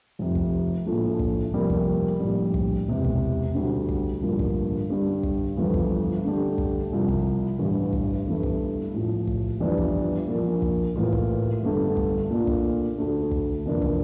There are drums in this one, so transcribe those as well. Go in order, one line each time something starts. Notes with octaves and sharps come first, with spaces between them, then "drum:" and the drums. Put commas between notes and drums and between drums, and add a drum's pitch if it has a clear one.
F1 F2 C3
drum: kick
A#1 A2 F3 A3
drum: kick
F1 F2 C3 G3 A#3
drum: kick
A#1 A2 G3
drum: kick
E1 E2 C3
drum: kick
D2 D3 G3
drum: kick
A1 G2 D3 F3 A#3
drum: kick
G2 D3 G3 D4
drum: kick
G1 F2 E3 A3
drum: kick
G2 D3 A3 D4 G4
drum: kick
C2 C3 F3
drum: kick
A1 G2 E3
drum: kick
G1 G2 E3 A3 E4
drum: kick
A1 A2 F3
drum: kick
G1 F2 E3 G3 D4
drum: kick
A#1 A#2 F3 A#3
drum: kick
A1 A2 E3 A#3 F4
drum: kick
G1 G2 D3 A3
drum: kick
A#2 A3 D4 F4
drum: kick
D2 D3 A3
drum: kick
F1 F2 E3 A#3 D4
drum: kick